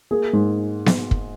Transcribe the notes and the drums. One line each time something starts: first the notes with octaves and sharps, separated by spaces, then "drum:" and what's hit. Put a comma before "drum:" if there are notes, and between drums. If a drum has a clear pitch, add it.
A#3 G#4
G#2
drum: snare B3
drum: kick